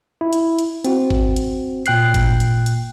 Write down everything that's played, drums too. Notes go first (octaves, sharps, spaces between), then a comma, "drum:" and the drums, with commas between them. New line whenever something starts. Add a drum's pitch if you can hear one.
E4
drum: hi-hat
drum: hi-hat
C4 F#4, drum: hi-hat
drum: kick
drum: hi-hat
A#2 G5 F#6 C7, drum: hi-hat
drum: kick, hi-hat
drum: hi-hat
drum: hi-hat